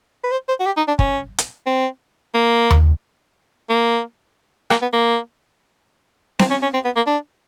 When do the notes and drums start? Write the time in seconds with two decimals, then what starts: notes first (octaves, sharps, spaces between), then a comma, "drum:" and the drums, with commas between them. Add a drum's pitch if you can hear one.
0.24 B4
0.32 C5
0.48 C5
0.60 F#4
0.66 G4
0.77 D#4
0.88 D4
0.99 C#4, drum: kick
1.38 drum: hi-hat
1.66 C4
2.34 A#3
2.70 drum: tom D#2
3.69 A#3
4.70 A#3, drum: rim click
4.82 B3
4.93 A#3
6.39 C4, drum: snare C4
6.50 C#4
6.62 C#4
6.74 C4
6.85 B3
6.96 A#3
7.07 D4